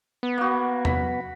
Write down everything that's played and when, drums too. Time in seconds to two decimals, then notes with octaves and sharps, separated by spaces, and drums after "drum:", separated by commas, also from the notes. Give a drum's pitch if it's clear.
0.23 B3
0.38 A#3 F#4
0.85 B5, drum: tom